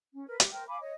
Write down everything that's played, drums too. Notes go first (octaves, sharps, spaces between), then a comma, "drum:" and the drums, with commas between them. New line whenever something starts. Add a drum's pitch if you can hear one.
C#4
A#4 B4
G4, drum: hi-hat
A#4 C5 G5
F5 G#5 B5 D6
C#5 D#5